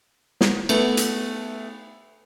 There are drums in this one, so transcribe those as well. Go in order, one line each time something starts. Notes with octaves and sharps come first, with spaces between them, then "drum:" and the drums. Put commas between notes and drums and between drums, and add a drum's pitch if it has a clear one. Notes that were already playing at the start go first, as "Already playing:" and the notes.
drum: snare
A3 B3, drum: cymbal
drum: hi-hat